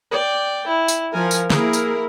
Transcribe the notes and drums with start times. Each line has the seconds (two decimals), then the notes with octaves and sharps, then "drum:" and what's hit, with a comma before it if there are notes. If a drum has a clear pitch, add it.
0.11 D5 G5
0.67 E4
0.88 drum: tambourine
1.13 F3 A#4 G#5
1.31 drum: tambourine
1.50 A#3 E4 G#4 A#4, drum: snare
1.73 drum: tambourine